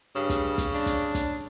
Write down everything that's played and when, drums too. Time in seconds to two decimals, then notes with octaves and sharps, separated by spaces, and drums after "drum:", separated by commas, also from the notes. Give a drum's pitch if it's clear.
0.15 G2 C#3
0.30 drum: kick, hi-hat
0.58 drum: kick, hi-hat
0.74 D4
0.86 drum: kick, hi-hat
1.15 drum: kick, hi-hat